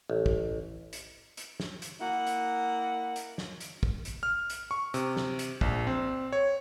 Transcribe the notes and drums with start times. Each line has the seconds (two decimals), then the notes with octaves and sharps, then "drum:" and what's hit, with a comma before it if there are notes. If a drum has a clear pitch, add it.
0.10 A1
0.26 drum: kick
0.93 drum: hi-hat
1.37 drum: hi-hat
1.60 drum: snare
1.82 drum: hi-hat
2.00 A#3 E4 F#5
2.27 drum: hi-hat
3.16 drum: hi-hat
3.38 drum: snare
3.60 drum: hi-hat
3.83 drum: kick
4.05 drum: hi-hat
4.23 F6
4.50 drum: hi-hat
4.71 C#6
4.94 C3, drum: hi-hat
5.17 drum: snare
5.39 drum: hi-hat
5.61 A#1, drum: kick
5.87 C4
6.33 C#5